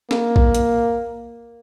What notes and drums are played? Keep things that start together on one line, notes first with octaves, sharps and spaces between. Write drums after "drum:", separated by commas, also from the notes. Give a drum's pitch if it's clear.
A#3, drum: snare
drum: kick
drum: hi-hat